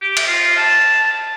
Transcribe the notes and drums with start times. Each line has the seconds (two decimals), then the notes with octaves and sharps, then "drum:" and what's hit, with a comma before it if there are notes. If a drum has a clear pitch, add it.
0.02 G4
0.17 drum: cymbal
0.27 F4
0.57 A5